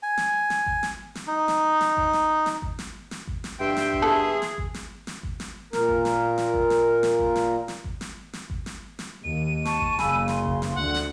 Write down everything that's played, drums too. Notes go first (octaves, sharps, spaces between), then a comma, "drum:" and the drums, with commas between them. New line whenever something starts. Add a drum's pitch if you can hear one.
G#5
drum: snare
drum: snare
drum: kick G#1
drum: snare
drum: snare
D#4
drum: snare
drum: snare
drum: kick G#1
drum: snare
drum: snare
drum: kick G#1
drum: snare
drum: snare
drum: kick G#1
drum: snare
G2 E5 G5 C6
drum: snare
drum: kick G#1
B3 E4 G#4 A4
drum: snare
drum: kick G#1
drum: snare
drum: snare
drum: kick G#1
drum: snare
A#2 A#4, drum: snare
drum: kick G#1
drum: snare
drum: snare
drum: kick G#1
drum: snare
drum: snare
drum: kick G#1
drum: snare
drum: snare
drum: kick G#1
drum: snare
drum: snare
drum: kick G#1
drum: snare
drum: snare
D#2 D#7
A5 C#6, drum: snare
drum: kick G#1
F#1 C#3 G#5 B5 E6, drum: snare
C6, drum: snare
drum: kick G#1
drum: snare
D2 F#5
drum: snare